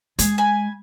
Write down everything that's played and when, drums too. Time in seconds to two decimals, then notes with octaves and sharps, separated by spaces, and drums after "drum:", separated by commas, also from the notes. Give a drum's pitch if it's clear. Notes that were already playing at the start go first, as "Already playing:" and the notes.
0.19 G#3 G#4, drum: hi-hat
0.38 G#5 B5